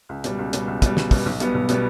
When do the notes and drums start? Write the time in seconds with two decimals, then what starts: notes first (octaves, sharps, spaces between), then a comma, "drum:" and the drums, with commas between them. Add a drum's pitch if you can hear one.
0.09 C#2
0.24 B2 G3, drum: hi-hat
0.39 C#2
0.53 B2 G3, drum: hi-hat
0.68 C#2
0.82 B2 G3, drum: kick, hi-hat
0.97 C#2, drum: snare
1.11 B2 G3, drum: kick, open hi-hat
1.26 B1
1.40 B2 G3 B3, drum: hi-hat
1.54 B1
1.69 B2 G3 B3, drum: hi-hat